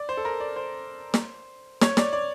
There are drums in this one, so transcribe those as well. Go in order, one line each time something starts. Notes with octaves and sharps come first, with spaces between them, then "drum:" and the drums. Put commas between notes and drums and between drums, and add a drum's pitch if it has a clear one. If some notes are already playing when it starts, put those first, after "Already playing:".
Already playing: D5
C5
A4
A#4
D5
C5
drum: snare
C#5, drum: snare
D5, drum: snare
D5